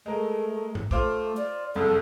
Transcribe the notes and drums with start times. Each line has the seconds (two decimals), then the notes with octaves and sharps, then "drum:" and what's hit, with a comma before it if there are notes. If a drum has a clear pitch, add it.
0.06 G#3 A3 A#4
0.75 drum: tom G#2
0.91 A3 F4 C5 D6, drum: kick
1.37 D5
1.75 F#1 C2 F2 A4